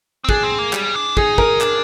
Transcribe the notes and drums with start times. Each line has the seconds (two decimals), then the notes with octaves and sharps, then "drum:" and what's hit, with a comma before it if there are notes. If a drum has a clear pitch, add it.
0.24 C4
0.29 D4 G#4, drum: kick
0.43 C4
0.58 A#3
0.73 G3, drum: clap
0.95 D4
1.17 D#4 G#4, drum: kick
1.38 A#4, drum: kick
1.61 D4, drum: clap